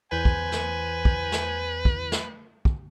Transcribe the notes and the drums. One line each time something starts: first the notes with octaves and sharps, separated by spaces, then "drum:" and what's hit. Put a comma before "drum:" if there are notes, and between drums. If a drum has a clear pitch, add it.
E2 B4 C5 G#5 G6
drum: kick
drum: snare
drum: kick
drum: snare
drum: kick
drum: snare
drum: kick